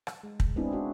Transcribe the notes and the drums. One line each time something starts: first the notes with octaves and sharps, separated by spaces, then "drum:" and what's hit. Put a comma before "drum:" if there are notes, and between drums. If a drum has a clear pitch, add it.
drum: rim click
G#3
drum: kick
G#3 B3 C4 D4 E4 G#4
C#4 E4 F#4